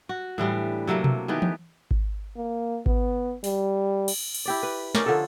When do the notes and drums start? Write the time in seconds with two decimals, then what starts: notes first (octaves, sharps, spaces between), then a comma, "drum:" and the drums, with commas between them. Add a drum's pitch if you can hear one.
0.09 F#4
0.38 A2 E3 G3 D4
0.87 C3 F#3 A3 A#3
1.04 drum: tom B2
1.28 D#3 E3 B3 G4
1.42 drum: tom E3
1.91 drum: kick G#1
2.37 A#3
2.86 B3, drum: kick G#1
3.44 G3, drum: open hi-hat
4.08 drum: cymbal
4.35 drum: cymbal
4.46 E4 G4 D5
4.63 B4
4.95 C#4 D#4 A#4 D5, drum: snare
5.06 D3 F3 C#4 A4